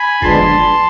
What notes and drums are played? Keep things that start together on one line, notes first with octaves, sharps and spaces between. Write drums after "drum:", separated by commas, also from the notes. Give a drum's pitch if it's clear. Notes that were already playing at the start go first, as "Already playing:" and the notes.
Already playing: G#5 B5
D3 F3 G#3 B3 D4 A5 C6, drum: kick